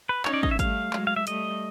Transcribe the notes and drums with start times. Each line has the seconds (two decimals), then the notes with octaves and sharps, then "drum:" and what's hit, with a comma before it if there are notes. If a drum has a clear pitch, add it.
0.09 B4
0.25 C#4 D#4 C#5, drum: clap
0.34 D5
0.43 D#5, drum: kick
0.51 E5
0.59 G3 A3 F5, drum: kick, hi-hat
0.93 F#3 G#3, drum: clap
1.07 F5
1.16 E5
1.27 G3 A3 D#5, drum: hi-hat